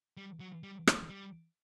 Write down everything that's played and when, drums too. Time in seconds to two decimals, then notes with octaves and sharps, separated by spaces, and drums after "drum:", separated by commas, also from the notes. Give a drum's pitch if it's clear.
0.17 G3
0.40 F#3
0.63 G3
0.87 A3, drum: rim click
1.10 G3